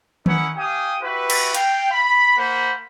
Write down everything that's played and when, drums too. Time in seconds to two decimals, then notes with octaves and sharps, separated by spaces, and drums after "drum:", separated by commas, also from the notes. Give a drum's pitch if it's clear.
0.26 C#4 D#4 E4 A#4 F#5, drum: tom D#3
0.57 G4 F5 G5 G#5 D#6
1.02 E4 F#4 G4 B4
1.30 drum: cymbal
1.55 F5 G5, drum: hi-hat
1.91 B5
2.37 A#3 C5 F#5 B5